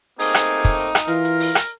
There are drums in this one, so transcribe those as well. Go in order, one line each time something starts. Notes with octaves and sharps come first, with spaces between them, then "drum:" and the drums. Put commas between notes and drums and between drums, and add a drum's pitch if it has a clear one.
A3 A#3 C4 D#4 G#4, drum: open hi-hat
drum: rim click
drum: kick, hi-hat
drum: hi-hat
drum: rim click
E3 F4 A#4, drum: hi-hat
drum: hi-hat
drum: open hi-hat
drum: rim click